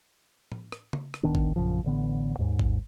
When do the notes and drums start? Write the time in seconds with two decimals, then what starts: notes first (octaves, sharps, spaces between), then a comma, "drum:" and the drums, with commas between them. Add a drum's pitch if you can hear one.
0.52 drum: tom A2
0.72 drum: rim click
0.93 drum: tom C#3
1.14 drum: rim click
1.23 D1 D#3 B3 D4
1.35 drum: kick G#1
1.56 A#1 F#2 C#3 F3
1.84 A1 D3 B3
2.39 D#2 G#2
2.59 drum: kick G#1